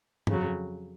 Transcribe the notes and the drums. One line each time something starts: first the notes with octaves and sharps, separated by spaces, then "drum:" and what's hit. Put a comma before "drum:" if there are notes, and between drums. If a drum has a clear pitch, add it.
F2 C#3 F#3, drum: tom G2